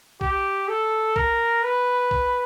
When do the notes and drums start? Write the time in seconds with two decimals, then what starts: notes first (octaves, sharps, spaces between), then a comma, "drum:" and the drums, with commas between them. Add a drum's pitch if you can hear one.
0.21 G4, drum: kick A#1
0.68 A4
1.16 A#4, drum: kick A#1
1.63 B4
2.11 drum: kick A#1